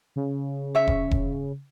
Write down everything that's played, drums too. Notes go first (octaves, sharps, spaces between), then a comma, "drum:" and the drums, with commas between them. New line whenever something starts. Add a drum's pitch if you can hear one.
C#3
C#5 E5
drum: kick E1
drum: kick E1